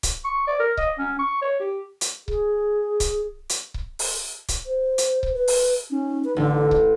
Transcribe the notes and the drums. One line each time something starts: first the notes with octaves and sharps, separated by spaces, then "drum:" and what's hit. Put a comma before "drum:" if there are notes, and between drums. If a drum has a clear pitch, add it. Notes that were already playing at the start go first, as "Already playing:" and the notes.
drum: kick C#1, hi-hat
C#6
D5
A#4
D#5, drum: kick C#1
C#4
C#6
C#5
G4
drum: hi-hat
G#4, drum: kick C#1
drum: kick C#1, hi-hat
drum: hi-hat
drum: kick C#1
drum: open hi-hat
drum: kick C#1, hi-hat
C5
drum: hi-hat
drum: kick C#1
B4
drum: open hi-hat
C#4 D#4
B4
A1 D3
drum: kick C#1